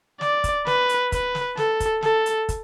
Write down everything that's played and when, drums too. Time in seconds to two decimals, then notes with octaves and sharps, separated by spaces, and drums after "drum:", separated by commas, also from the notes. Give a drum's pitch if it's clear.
0.21 D5, drum: snare
0.44 drum: kick, hi-hat
0.67 B4, drum: snare
0.89 drum: hi-hat
1.12 B4, drum: kick, hi-hat
1.35 drum: snare
1.57 A4, drum: snare
1.80 drum: kick, hi-hat
2.02 A4, drum: snare
2.26 drum: hi-hat
2.49 drum: kick, hi-hat